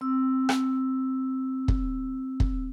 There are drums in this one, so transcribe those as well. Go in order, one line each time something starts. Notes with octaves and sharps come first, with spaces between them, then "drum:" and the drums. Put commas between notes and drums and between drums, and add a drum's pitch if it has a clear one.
C4 E6
drum: rim click
drum: kick
drum: kick